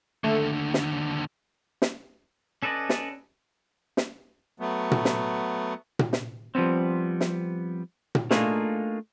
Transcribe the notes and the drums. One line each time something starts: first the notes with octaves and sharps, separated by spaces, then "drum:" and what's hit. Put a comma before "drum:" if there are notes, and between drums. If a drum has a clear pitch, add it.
D#2 D3 A3
drum: snare
drum: snare
C#4 A4 B4 D5 D#5
drum: snare
drum: snare
F#3 A3 B3
drum: tom A#2
drum: snare
drum: tom A#2
drum: snare
F3 G3 B3 C4
drum: snare
drum: tom A#2
A3 A#3 D4 D#4 F4 G#4, drum: snare